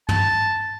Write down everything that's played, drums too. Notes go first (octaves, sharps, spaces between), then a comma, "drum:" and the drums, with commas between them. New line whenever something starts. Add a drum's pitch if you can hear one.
A5, drum: tom